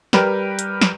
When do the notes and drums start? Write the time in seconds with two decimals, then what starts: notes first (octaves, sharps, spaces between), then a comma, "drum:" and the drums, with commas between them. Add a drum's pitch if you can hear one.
0.13 G3 G4 A#4 B4, drum: snare
0.59 drum: hi-hat
0.81 drum: snare